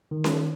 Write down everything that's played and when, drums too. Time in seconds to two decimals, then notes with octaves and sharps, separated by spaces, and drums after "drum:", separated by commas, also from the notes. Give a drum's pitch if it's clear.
0.11 D#3
0.24 drum: snare C#4